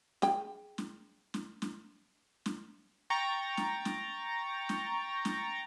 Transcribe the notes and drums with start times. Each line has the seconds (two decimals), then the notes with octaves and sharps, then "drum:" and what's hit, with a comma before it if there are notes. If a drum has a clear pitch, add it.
0.22 G#4 G5, drum: snare
0.78 drum: snare
1.34 drum: snare
1.62 drum: snare
2.46 drum: snare
3.10 G5 A#5 C#6 A6
3.57 drum: snare
3.85 drum: snare
4.69 drum: snare
5.25 drum: snare